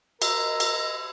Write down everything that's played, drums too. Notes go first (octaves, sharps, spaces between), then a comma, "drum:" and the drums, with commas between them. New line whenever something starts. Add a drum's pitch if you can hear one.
A#4 D#5 E6, drum: cymbal
drum: cymbal